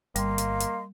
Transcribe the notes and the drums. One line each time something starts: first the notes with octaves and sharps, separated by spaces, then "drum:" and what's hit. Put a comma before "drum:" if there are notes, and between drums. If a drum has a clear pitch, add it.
G1 G3 A#3 D#5 F5 C6, drum: hi-hat
drum: hi-hat
drum: hi-hat